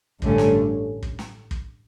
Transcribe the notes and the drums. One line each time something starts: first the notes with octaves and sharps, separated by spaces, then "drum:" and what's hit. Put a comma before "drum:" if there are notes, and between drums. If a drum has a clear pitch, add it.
A1 G2 D3 A3 C#4, drum: kick
drum: snare
drum: kick
drum: snare
drum: kick